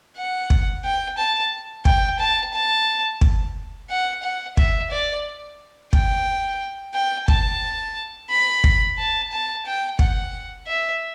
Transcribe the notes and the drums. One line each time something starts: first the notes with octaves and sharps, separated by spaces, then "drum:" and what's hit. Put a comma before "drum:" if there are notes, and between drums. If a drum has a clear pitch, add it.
F#5
drum: kick
G5
A5
G5, drum: kick
A5
A5
drum: kick
F#5
F#5
E5, drum: kick
D5
G5, drum: kick
G5
A5, drum: kick
B5
drum: kick
A5
A5
G5
F#5, drum: kick
E5